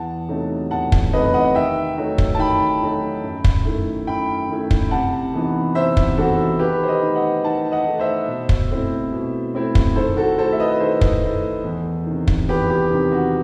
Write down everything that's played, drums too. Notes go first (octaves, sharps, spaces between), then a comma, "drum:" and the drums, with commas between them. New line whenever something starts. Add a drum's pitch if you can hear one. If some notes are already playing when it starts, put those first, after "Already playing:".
Already playing: E2 F#5 A5
C3 F#3 A3 D#4
E2 F#5 A5
drum: kick
C3 F#3 A3 D#4 B4 D#5
D#5 F#5
D#3 E5 G5
F#3 A3 D#4
drum: kick
A5
D#3 G5 B5
F#3 A3 D#4
F#2
drum: kick
D#3 A3 E4
F#2 G5 B5
D#3 A3 E4
drum: kick
C3 F#5 A5
E3 B3 D#4
C3 C5 E5
drum: kick
E3 B3 D#4 F#4 A4
D#3 G4 B4
C5
B4 D#5
A3 D#4
D#5 F#5
D#3 F#5 A5
D#5 F#5
A3 D#4
C5 E5
B2
drum: kick
A3 C4 E4
B2
A3 C4 E4
drum: kick
D#3 A4 C5
F#4 A4
A3 E4 A4 C5
E5
B4 D#5
D#3 A4 C5
drum: kick
A3 E4
E2
C3 D#3
drum: kick
E2 G4 B4
G4
C3 D#3
F#4